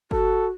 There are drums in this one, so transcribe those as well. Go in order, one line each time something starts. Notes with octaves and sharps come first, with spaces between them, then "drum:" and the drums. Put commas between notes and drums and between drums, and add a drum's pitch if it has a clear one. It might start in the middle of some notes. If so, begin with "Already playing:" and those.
F#4 A4, drum: kick F#1